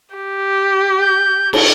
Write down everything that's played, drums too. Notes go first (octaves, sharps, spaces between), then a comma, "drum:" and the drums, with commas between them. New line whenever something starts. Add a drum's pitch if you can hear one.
G4
G6
drum: cymbal